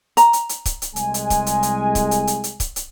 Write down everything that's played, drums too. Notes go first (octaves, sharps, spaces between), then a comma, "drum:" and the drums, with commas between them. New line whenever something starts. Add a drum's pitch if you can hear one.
A#5, drum: hi-hat
drum: hi-hat
drum: hi-hat
drum: kick C#1, hi-hat
drum: hi-hat
C2 G#3 G#5, drum: hi-hat
drum: hi-hat
drum: kick C#1, hi-hat
drum: hi-hat
drum: hi-hat
drum: kick C#1, hi-hat
drum: hi-hat
drum: hi-hat
drum: hi-hat
drum: kick C#1, hi-hat
drum: hi-hat